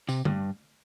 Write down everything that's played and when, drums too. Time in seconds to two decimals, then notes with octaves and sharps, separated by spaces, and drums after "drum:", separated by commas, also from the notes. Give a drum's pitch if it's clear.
0.09 C3, drum: tambourine
0.25 G2, drum: tom D3